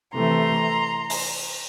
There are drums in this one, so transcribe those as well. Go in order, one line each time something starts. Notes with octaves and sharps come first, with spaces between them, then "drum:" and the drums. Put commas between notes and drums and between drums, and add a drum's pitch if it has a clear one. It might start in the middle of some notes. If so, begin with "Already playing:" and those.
C3 E3 A3 A#5 C6
drum: open hi-hat